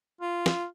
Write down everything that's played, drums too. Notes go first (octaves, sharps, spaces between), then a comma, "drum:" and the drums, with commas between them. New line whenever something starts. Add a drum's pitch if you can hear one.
F4
drum: snare